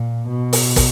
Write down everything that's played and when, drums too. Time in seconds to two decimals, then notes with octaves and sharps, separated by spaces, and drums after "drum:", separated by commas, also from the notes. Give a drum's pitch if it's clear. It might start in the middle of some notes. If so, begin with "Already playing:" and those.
Already playing: A#2
0.30 B2
0.53 drum: open hi-hat
0.76 drum: kick, open hi-hat